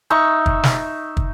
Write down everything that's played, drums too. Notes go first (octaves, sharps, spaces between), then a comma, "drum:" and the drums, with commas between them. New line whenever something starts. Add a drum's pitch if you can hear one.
D#4 E5 C#6
drum: kick
drum: snare
drum: kick